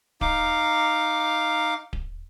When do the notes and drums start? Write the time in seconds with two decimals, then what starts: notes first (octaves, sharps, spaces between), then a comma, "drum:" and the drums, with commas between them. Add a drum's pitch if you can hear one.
0.21 D#4 F5 D6, drum: kick D1
1.93 drum: kick D1